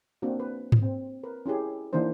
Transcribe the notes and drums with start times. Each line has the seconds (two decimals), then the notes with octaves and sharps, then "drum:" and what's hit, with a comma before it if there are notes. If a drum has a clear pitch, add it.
0.22 A#3 C4 D4 F#4
0.40 B4
0.72 drum: tom G#2
0.82 C4
1.23 A#4 B4
1.46 C#4 E4 G4 G#4
1.93 D#3 E3 A#3 D4 C5